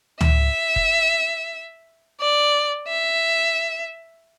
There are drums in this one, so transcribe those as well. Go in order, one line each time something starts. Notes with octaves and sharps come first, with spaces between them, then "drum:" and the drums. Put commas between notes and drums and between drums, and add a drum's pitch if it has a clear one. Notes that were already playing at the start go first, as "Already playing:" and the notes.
E5, drum: tom C#2
drum: kick F1
D5
E5